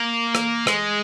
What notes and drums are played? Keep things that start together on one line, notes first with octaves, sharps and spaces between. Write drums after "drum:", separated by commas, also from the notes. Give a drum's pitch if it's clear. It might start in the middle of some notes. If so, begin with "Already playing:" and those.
Already playing: A#3
drum: rim click
G#3, drum: rim click